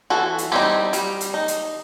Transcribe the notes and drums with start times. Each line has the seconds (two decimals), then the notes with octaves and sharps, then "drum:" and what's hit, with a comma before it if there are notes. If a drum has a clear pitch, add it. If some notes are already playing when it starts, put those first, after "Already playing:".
0.10 E3 F#4 A4
0.38 drum: hi-hat
0.52 G3 C4 D#4 E4 G4
0.93 G3, drum: hi-hat
1.21 drum: hi-hat
1.34 D#4
1.48 drum: hi-hat